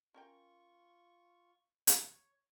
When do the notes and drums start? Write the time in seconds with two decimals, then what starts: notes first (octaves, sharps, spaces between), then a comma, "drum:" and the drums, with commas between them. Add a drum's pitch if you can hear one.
0.14 C#4 F4 A#4 G5 C#6
1.87 C#5, drum: hi-hat